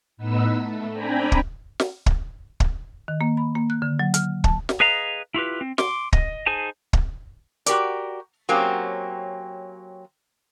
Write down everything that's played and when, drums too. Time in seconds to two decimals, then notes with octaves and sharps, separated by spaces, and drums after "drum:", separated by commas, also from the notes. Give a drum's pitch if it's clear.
0.17 A2 B3 D#4 B4 E6
0.57 A3
0.91 C4 D4 G5 G#5 A#5 B5
1.32 drum: kick
1.80 drum: snare
2.06 drum: kick
2.60 drum: kick
3.08 D#3
3.21 A#3
3.37 B5
3.55 A#3
3.70 F#6
3.82 D3
3.99 F#3
4.14 F6, drum: hi-hat
4.44 A5, drum: kick
4.69 drum: snare
4.80 G#4 B4 D#5 F5 A#5
5.34 E4 F4 G4 B4
5.61 C4
5.78 C6 D6, drum: snare
6.13 D#5, drum: kick
6.46 D#4 G#4 C5 G#5 A5
6.93 drum: kick
7.66 F#4 G4 A#4 D5, drum: hi-hat
8.49 F#3 A#3 C4 C#4 G4